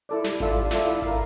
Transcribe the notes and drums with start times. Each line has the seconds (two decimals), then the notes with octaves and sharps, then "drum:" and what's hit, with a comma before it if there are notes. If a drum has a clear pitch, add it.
0.09 E4 A4 D5
0.24 G3, drum: snare
0.40 D4 F4 A4 E5, drum: kick G#1
0.56 G3
0.71 D4 F4 A4 E5, drum: snare
0.87 E4
1.02 A#4 F5, drum: kick G#1